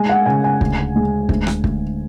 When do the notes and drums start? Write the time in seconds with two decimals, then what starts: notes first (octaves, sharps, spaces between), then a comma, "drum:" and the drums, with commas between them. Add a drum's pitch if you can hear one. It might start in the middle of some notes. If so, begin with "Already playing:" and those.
Already playing: G#3 G#5
0.09 F#5
0.26 C#3 G#5
0.44 G#5
0.61 D2, drum: kick
0.96 G#3
1.29 D2, drum: kick
1.47 drum: rim click
1.64 D2, drum: kick